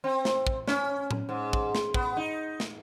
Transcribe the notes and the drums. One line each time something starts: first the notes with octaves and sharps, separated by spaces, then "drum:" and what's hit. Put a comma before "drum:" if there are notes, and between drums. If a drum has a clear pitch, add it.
C4
drum: snare
drum: kick
C#4, drum: snare
drum: tom A2
G#2
drum: kick
drum: snare
B3, drum: kick
D#4
drum: snare